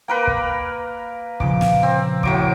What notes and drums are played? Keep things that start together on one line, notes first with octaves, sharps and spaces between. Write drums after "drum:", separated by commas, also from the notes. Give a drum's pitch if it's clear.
A#3 A#4 B4 G5 D6 C#7
drum: kick
A#2 C#3 F3 D6, drum: kick
drum: snare
C4
A2 F#3 D6, drum: kick